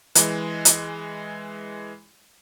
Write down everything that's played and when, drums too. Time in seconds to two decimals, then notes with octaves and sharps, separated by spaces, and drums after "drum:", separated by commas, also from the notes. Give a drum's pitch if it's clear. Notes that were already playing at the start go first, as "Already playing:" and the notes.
0.15 E3 G#3, drum: hi-hat
0.65 drum: hi-hat